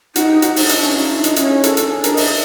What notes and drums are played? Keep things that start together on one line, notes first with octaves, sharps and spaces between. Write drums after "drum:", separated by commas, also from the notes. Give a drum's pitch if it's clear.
D#4 F#4, drum: hi-hat
G4
F#4, drum: hi-hat
D#4, drum: open hi-hat
D4 E4
D#4, drum: hi-hat
C#4
D#4 F4
E4
D4
D#4, drum: hi-hat
C#4 E4, drum: hi-hat
G#4
A4, drum: hi-hat
D4 A4, drum: hi-hat
G#4
A#4, drum: hi-hat
D#5
E5, drum: open hi-hat